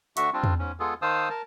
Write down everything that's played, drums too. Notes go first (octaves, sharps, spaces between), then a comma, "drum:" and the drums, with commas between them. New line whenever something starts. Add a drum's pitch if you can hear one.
D2 D3 F#4 E5 C#6, drum: hi-hat
G3 C4 D4 F4
drum: tom E2
G#2 C#4
G#3 B3 F4 G#4 A4
D#3 C5 F5 A5 D#6 E6
A#4 A5